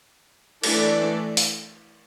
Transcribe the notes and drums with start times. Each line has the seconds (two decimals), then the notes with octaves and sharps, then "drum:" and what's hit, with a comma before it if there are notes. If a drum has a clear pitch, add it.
0.63 E3 A3 D4 A4 D5, drum: cymbal
1.37 drum: open hi-hat